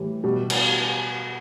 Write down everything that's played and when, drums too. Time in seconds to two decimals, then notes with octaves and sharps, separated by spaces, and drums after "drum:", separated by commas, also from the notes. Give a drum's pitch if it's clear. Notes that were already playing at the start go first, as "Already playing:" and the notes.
Already playing: A2 E3 G3
0.24 B2 G3
0.50 drum: cymbal